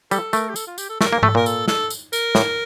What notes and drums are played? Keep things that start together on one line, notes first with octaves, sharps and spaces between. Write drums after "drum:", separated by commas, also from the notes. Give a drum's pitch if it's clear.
G3 A4, drum: tambourine
A3 A#4, drum: tambourine
G4
A4, drum: tambourine
F4
G4, drum: tambourine
A4
A3 A#4, drum: snare
A#3
A3 A4, drum: tom G#2
A#2 A#4
A4, drum: tambourine
A4, drum: snare
drum: tambourine
A#4, drum: tambourine
A2, drum: snare